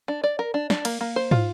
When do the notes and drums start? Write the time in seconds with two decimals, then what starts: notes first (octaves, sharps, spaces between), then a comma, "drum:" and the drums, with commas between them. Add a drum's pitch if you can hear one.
0.08 D4
0.24 D5
0.39 A#4
0.54 D4
0.70 D4, drum: snare
0.85 A#3, drum: cymbal
1.01 A#3
1.16 C5
1.31 F4, drum: tom